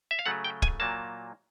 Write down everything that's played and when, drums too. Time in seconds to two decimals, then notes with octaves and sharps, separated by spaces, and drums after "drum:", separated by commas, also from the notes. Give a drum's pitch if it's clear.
0.11 E5
0.19 F5
0.26 C#3 F#3 A3 F#5
0.44 G5
0.62 G#5, drum: kick
0.80 A#2 F#3 A#3 A5